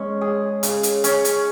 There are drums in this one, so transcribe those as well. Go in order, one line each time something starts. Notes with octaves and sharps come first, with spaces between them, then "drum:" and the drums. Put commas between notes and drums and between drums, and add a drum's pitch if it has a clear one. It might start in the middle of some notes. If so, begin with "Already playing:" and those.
Already playing: G#3 C#4
G#4
C#3, drum: hi-hat
drum: hi-hat
C#4, drum: hi-hat
drum: hi-hat